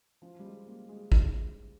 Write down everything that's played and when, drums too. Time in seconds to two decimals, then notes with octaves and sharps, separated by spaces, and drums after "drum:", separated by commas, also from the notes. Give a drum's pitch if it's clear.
0.22 F3
0.39 G3
0.44 G#3
0.67 A#3
0.89 G#3
1.12 drum: kick